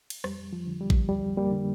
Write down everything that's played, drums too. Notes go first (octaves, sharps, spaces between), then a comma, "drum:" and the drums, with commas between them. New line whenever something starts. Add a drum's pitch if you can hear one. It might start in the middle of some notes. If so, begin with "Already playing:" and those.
drum: cymbal
F2 G3, drum: rim click
F3
D3
G3
drum: kick
F2 G3
G3 A#3
D3